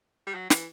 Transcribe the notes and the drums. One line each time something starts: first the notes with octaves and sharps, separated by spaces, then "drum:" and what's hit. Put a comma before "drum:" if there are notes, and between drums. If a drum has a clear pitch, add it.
G3
F#3
E3, drum: snare